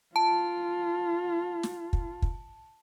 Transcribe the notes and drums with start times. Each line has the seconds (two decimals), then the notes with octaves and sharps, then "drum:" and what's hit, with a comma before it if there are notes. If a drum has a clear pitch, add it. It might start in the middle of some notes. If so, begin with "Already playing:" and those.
0.16 F4 A5
1.63 drum: snare
1.93 drum: kick
2.22 drum: kick